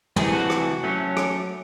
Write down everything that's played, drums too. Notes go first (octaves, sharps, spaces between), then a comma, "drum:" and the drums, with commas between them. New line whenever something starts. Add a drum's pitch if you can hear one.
C3 E3 A3 G#4, drum: tom
F#4
drum: rim click
F#3 A3 C#4
drum: rim click